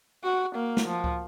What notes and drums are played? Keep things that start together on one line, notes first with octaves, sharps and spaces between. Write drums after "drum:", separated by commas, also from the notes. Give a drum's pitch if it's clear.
F#4
A#3
drum: snare
F3
drum: kick C#2